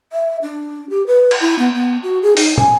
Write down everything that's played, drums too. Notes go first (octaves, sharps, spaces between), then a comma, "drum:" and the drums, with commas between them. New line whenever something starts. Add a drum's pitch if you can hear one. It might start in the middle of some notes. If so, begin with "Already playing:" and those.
E5
D4
G4
B4
drum: cymbal
E4
B3
B3
F#4
G#4
D#4, drum: open hi-hat
G#5, drum: tom